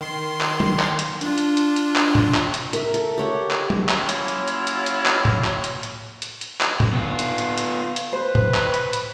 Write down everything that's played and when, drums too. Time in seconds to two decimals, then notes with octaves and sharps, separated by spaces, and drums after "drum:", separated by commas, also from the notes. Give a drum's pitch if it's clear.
0.01 D#3 C6 C7
0.41 drum: clap
0.60 drum: tom
0.79 drum: clap
0.99 drum: hi-hat
1.21 D4 F4, drum: hi-hat
1.38 drum: hi-hat
1.57 drum: hi-hat
1.76 drum: hi-hat
1.96 drum: clap
2.15 drum: tom A2
2.34 drum: clap
2.54 drum: hi-hat
2.73 A#4 E5, drum: hi-hat
2.94 A4, drum: hi-hat
3.18 G4 C#5 F#5
3.51 drum: clap
3.70 drum: tom
3.89 F#3 A#3 C#4 E4 F4 C#5, drum: clap
4.09 drum: hi-hat
4.28 drum: hi-hat
4.48 drum: hi-hat
4.67 drum: hi-hat
4.86 drum: hi-hat
5.06 drum: clap
5.25 drum: tom A2
5.44 drum: clap
5.64 drum: hi-hat
5.83 drum: hi-hat
6.22 drum: hi-hat
6.41 drum: hi-hat
6.61 drum: clap
6.80 drum: tom A2
6.93 B3 F4
7.19 drum: hi-hat
7.38 drum: hi-hat
7.58 drum: hi-hat
7.96 drum: hi-hat
8.13 B4 C5
8.35 drum: tom A2
8.54 drum: clap
8.74 drum: hi-hat
8.93 drum: hi-hat